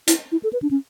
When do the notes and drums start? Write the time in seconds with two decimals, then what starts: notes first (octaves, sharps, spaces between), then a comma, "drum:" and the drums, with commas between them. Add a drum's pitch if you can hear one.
0.07 E4, drum: hi-hat
0.32 E4
0.43 A4
0.53 B4
0.62 D4
0.71 C#4